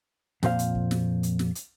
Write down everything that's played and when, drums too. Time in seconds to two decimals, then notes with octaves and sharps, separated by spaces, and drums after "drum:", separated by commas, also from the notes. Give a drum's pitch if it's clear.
0.43 F2 A#2 C5 F5, drum: snare
0.59 drum: hi-hat
0.75 drum: kick
0.91 drum: snare
1.23 drum: hi-hat
1.39 drum: snare
1.55 drum: hi-hat